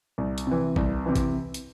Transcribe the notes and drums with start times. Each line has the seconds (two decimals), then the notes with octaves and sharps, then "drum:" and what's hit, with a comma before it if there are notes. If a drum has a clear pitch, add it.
0.18 C2
0.38 drum: hi-hat
0.47 C3 E3
0.76 C2, drum: kick
1.06 C3 E3
1.15 drum: kick, hi-hat
1.54 drum: hi-hat